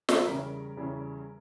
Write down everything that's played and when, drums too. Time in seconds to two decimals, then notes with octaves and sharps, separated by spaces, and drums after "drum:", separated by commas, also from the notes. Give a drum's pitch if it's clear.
0.09 E5, drum: snare
0.25 E2 C#3 G3 C#4 A#4
0.77 E2 C#3 G3 C#4 E4